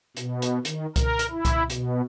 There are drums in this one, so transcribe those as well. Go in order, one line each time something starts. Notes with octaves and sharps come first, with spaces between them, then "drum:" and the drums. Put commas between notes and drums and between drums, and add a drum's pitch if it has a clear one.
B2, drum: hi-hat
drum: hi-hat
D#3, drum: hi-hat
A#4, drum: kick C2, hi-hat
drum: hi-hat
E4
drum: kick C2, hi-hat
B2, drum: hi-hat